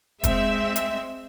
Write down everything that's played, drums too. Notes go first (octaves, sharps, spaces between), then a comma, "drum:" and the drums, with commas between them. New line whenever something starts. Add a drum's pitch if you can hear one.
G#3 C4 E5, drum: kick, hi-hat
drum: hi-hat